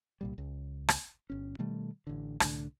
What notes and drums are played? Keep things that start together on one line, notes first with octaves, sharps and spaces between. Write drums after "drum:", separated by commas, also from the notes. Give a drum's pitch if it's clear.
C2 A#2 G3
C#2
drum: rim click
G1 C#4
B2 D#3 G3 A3
A1 D3
C2 A2 D3, drum: rim click